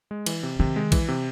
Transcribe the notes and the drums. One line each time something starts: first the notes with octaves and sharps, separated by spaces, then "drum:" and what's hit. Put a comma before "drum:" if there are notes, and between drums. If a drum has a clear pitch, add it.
G#3
E3, drum: cymbal
C3
C3 D#3
G#3
E3, drum: kick, cymbal
C3